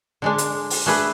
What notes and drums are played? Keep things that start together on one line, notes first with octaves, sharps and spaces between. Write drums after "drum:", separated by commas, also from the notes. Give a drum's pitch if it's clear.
D3 G#3 D4
drum: hi-hat
drum: open hi-hat
A3 D4 G#4 B4